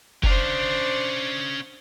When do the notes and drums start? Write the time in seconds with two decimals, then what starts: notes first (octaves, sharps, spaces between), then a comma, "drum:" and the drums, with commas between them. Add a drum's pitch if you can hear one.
0.23 C#4 D4 C5 F5, drum: kick F1